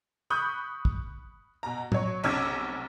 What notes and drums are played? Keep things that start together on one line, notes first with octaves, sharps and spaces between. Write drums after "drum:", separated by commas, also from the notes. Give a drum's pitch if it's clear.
B5 C#6 D#6 F#6 G6
drum: kick
B2 A#5
F#3 C#5, drum: tom
F1 B1 C#4 D6 E6 G#6, drum: cymbal